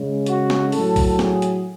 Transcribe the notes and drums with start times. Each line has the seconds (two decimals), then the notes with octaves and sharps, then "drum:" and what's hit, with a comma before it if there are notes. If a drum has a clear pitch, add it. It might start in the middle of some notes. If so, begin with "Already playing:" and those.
Already playing: C#3 G#3
0.26 F#4, drum: hi-hat
0.50 drum: snare
0.72 A2 F#3 A4, drum: open hi-hat
0.96 drum: kick B1, open hi-hat
1.19 G#4, drum: snare
1.42 drum: hi-hat